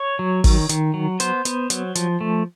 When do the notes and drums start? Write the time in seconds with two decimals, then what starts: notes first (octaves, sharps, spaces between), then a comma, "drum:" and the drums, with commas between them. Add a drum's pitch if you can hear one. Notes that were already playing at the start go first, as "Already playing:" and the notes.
Already playing: C#5
0.19 F#3
0.44 D#3, drum: kick, open hi-hat
0.69 D#3, drum: hi-hat
0.94 F#3
1.20 B3 C5, drum: hi-hat
1.45 B3, drum: hi-hat
1.70 F#3, drum: hi-hat
1.95 F3, drum: hi-hat
2.21 A3